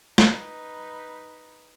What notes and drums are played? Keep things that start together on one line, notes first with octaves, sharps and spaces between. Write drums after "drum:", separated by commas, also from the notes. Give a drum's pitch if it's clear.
D#4 B4, drum: snare